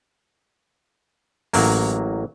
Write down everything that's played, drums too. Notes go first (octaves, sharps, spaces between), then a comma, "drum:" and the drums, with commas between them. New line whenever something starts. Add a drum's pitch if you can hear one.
A1 F#3 A#3, drum: open hi-hat